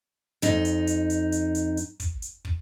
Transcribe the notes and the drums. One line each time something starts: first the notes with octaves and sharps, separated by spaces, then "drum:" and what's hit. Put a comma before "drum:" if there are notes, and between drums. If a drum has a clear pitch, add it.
F2 D#4, drum: hi-hat
drum: hi-hat
drum: hi-hat
drum: hi-hat
drum: hi-hat
drum: hi-hat
drum: hi-hat
drum: kick, hi-hat
drum: hi-hat
drum: kick